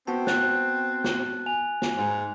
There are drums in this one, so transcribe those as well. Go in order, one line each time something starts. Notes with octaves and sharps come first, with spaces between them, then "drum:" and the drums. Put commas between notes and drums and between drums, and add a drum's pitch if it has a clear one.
B3 C4 F#4 A5
F#6 A6, drum: snare
drum: snare
G#5 F7
drum: snare
G#2